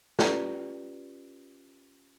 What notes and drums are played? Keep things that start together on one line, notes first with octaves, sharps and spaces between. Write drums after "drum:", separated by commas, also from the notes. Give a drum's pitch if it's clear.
C#4 F4 G4 B4 D5 A#5, drum: snare